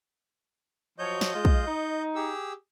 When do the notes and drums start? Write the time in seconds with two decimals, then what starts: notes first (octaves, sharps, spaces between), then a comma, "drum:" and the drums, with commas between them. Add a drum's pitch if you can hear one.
0.99 F3 F#3 C#5 D#5 G6
1.21 drum: snare
1.34 G#3 F4
1.45 drum: kick
1.67 D#4
2.16 G4 G#4 E6